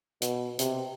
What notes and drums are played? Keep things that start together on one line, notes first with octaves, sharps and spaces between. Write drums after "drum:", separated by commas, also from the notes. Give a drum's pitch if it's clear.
B2, drum: hi-hat
C3, drum: hi-hat